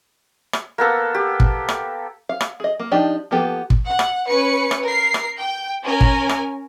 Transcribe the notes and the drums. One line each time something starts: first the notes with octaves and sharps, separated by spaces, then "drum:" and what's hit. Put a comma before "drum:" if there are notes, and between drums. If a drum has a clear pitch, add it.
drum: rim click
A#3 B3 A4
G4
drum: kick
drum: rim click
F5
drum: rim click
G#4 D#5
A#3
F3 D4 D#4 G4
F3 A#3 B3 G4 A4
drum: kick
F#5
drum: rim click
C#4 B4 C#7
drum: rim click
A#4 C7
drum: rim click
G5
C#4 A#4 G#5
drum: kick
drum: rim click